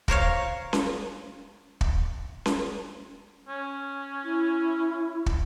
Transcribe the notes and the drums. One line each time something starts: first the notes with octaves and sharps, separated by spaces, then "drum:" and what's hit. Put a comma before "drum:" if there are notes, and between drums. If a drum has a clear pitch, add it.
A#4 C5 C#5 F5, drum: kick
drum: snare C#4
drum: kick
drum: snare C#4
C#4
E4
drum: kick